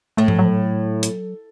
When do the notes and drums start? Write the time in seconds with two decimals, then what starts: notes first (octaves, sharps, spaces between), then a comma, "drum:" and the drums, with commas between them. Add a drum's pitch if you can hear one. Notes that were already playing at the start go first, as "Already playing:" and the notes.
0.17 A2 A3
0.28 F3, drum: tom G#2
0.39 F#3
0.45 F3
0.49 F#3
1.03 drum: hi-hat